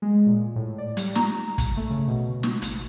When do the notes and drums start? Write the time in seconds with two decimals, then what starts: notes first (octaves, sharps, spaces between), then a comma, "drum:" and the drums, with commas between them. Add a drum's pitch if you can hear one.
0.02 G#3
0.26 A#2
0.56 A2
0.78 D5
0.97 G3, drum: hi-hat
1.15 A#5, drum: snare
1.58 drum: kick, hi-hat
1.77 A3
1.90 C#3
2.07 B2
2.43 drum: snare
2.62 G#1, drum: hi-hat